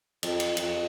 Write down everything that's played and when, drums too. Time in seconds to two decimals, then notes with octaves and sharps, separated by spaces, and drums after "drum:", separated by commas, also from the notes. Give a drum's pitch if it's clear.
0.23 F2, drum: cymbal
0.40 drum: cymbal
0.57 F2, drum: cymbal